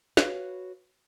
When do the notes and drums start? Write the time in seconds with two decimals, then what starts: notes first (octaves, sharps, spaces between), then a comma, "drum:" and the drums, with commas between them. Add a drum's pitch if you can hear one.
0.17 F#4 B4 C#5 F5, drum: snare